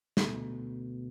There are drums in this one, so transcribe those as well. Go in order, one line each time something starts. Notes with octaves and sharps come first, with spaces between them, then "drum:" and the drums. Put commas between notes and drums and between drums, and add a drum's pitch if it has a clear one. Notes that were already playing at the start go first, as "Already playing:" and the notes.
D2 B2 D3 A3, drum: snare